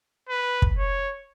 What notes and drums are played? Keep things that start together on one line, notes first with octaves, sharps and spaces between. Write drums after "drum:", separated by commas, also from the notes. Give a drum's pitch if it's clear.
B4
drum: kick
C#5